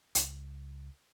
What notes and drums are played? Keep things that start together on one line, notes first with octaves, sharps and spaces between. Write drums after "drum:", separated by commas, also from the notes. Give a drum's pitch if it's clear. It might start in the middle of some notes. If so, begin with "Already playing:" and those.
C#2, drum: hi-hat